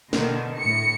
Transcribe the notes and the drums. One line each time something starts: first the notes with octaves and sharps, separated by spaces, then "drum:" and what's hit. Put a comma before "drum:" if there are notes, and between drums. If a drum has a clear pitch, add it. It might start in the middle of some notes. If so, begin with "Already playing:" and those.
B2 D3 D#3, drum: snare
A2 C#7